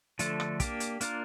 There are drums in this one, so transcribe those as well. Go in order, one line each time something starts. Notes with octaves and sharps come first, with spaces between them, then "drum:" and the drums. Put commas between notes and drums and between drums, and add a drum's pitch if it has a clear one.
D3 F3 A3 D4 A4, drum: hi-hat
drum: rim click
A#3 D4 G4, drum: kick, hi-hat
drum: hi-hat
A#3 D4 F4 A#4, drum: hi-hat